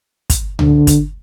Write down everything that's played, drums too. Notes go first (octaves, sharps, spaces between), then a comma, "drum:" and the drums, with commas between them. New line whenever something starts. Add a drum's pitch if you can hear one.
drum: kick, hi-hat
D3, drum: tom C#2
drum: kick, hi-hat